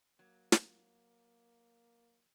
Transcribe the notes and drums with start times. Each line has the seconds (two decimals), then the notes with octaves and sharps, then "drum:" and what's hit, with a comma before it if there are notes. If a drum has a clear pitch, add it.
0.19 F#3 A#3
0.52 drum: snare